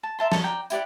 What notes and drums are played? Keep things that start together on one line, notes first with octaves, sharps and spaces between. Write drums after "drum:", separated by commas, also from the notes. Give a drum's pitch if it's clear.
A5
A#4 E5 A5 C6
A4 C#5 D#5, drum: snare
D5 G5 A#5
E4 G4 D5 F#5, drum: tambourine